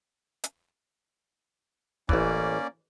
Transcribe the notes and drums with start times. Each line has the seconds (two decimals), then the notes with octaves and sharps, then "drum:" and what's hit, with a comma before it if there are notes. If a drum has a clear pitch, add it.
0.44 drum: hi-hat
2.09 A1 E3 A#3 C#4 D5, drum: kick